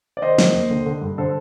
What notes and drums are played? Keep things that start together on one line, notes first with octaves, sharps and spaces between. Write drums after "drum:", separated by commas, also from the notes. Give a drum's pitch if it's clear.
D5
D#3 C5 D#5
D#3, drum: snare
D#2
D3
D3
G2
D3 A4 C5